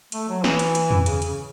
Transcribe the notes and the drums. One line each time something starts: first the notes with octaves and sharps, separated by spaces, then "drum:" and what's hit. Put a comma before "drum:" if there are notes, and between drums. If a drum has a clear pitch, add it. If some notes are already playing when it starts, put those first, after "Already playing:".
A3, drum: hi-hat
F#3
E3, drum: snare
drum: hi-hat
drum: hi-hat
drum: tom
C#3, drum: hi-hat
C#3, drum: hi-hat